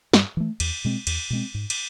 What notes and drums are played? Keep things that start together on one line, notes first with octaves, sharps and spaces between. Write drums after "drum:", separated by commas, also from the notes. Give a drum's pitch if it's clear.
G2, drum: snare
E3 A3
E2, drum: cymbal
B2 G#3 C4
E2, drum: cymbal
B2 G#3 C4
G#2
drum: cymbal